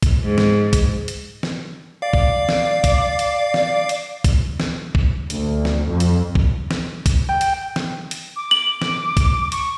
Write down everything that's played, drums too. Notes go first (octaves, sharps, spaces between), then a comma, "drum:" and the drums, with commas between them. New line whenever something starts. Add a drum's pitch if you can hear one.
drum: kick A#1, hi-hat
G#2
drum: snare
drum: kick A#1, hi-hat
drum: hi-hat
drum: snare
D5 F5
drum: kick A#1
drum: snare
drum: kick A#1, hi-hat
drum: hi-hat
drum: snare
drum: hi-hat
drum: kick A#1, hi-hat
drum: snare
drum: kick A#1
D2, drum: hi-hat
drum: snare
F2
drum: hi-hat
drum: kick A#1
drum: snare
drum: kick A#1, hi-hat
G5
drum: hi-hat
drum: snare
drum: hi-hat
D6
F#7
drum: snare
drum: kick A#1, hi-hat
C#6, drum: hi-hat